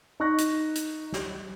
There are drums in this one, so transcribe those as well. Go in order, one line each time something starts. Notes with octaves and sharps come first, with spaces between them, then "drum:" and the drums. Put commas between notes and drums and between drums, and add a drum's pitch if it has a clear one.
D#4 D#5 C#6 F#6 A#6
drum: hi-hat
drum: hi-hat
drum: snare